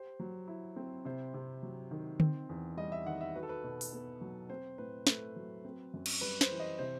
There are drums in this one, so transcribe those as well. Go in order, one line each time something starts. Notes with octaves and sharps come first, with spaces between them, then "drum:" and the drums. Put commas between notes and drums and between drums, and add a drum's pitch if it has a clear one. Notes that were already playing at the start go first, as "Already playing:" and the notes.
Already playing: G4 C5
F#3
E4
C4
C3 C5
C3
F#3
D#3
C4, drum: tom D3
E2
G3 D#5
E5
D#3 F#5
E5
F#4 B4
A4
B4
B2
drum: open hi-hat
B3
F#3
C4 C5
A2 B4
A3 B4, drum: snare
F#3
C4
F#2
drum: cymbal
G3 B4
C5, drum: snare
E3
D#5
C3 C5